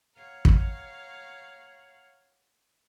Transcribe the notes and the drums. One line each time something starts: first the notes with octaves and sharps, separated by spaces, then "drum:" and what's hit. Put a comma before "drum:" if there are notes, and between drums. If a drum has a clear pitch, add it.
C#5 F5 F#5 A#5
drum: kick